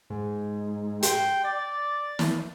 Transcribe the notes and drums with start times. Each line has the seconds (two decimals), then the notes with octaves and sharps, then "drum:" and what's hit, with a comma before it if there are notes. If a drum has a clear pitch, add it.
0.10 G#2
1.03 G5 C6, drum: hi-hat
1.45 D5 A6
2.19 drum: snare